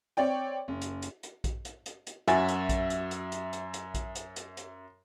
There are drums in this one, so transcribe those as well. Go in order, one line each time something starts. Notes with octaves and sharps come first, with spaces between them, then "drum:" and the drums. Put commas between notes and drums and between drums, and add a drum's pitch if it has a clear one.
C4 C#5 D5 G5
F#1
drum: hi-hat
drum: hi-hat
drum: hi-hat
drum: kick A#1, hi-hat
drum: hi-hat
drum: hi-hat
drum: hi-hat
F#2 F#4 E5 G#5 A6, drum: hi-hat
drum: hi-hat
drum: kick A#1, hi-hat
drum: hi-hat
drum: hi-hat
drum: hi-hat
drum: hi-hat
drum: hi-hat
drum: kick A#1, hi-hat
drum: hi-hat
drum: hi-hat
drum: hi-hat